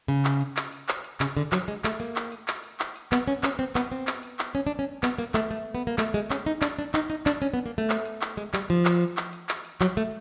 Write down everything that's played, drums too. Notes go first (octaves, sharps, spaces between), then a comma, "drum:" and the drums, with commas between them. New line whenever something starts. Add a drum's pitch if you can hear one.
C#3
drum: clap
drum: hi-hat
drum: clap
drum: hi-hat
drum: clap
drum: hi-hat
C#3, drum: clap
D3, drum: hi-hat
F#3, drum: clap
G#3, drum: hi-hat
A3, drum: clap
A#3, drum: hi-hat
drum: clap
drum: hi-hat
drum: clap
drum: hi-hat
drum: clap
drum: hi-hat
B3, drum: clap
C#4, drum: hi-hat
C#4, drum: clap
C4, drum: hi-hat
B3, drum: clap
C4, drum: hi-hat
drum: clap
drum: hi-hat
drum: clap
C#4, drum: hi-hat
D4
C#4
B3, drum: clap
A#3, drum: hi-hat
A3, drum: clap
A3, drum: hi-hat
B3
A#3
A3, drum: clap
G#3, drum: hi-hat
C#4, drum: clap
D#4, drum: hi-hat
D4, drum: clap
D4, drum: hi-hat
D#4, drum: clap
D#4, drum: hi-hat
D4, drum: clap
C#4, drum: hi-hat
B3
A#3
A3
drum: clap
drum: hi-hat
drum: clap
G#3, drum: hi-hat
G3, drum: clap
F3, drum: hi-hat
drum: clap
drum: hi-hat
drum: clap
drum: hi-hat
drum: clap
drum: hi-hat
F#3, drum: clap
A3, drum: hi-hat